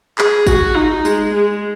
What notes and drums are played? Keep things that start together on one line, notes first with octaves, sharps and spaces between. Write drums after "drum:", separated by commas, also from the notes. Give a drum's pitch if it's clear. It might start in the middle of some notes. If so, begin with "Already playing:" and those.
G#4, drum: clap
F#4, drum: kick G#1, tambourine
D#4
G#3, drum: tambourine
G#3